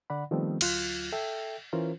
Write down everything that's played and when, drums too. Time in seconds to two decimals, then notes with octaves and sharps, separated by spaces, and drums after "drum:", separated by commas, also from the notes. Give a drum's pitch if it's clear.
0.10 D3 D5 F#5 B5
0.31 D#3 F3 G3 A3 B3 C4
0.61 D2 F#3 F4 F#6, drum: cymbal
1.12 A4 E5 G5
1.73 E3 C#4 F4 A#4 C5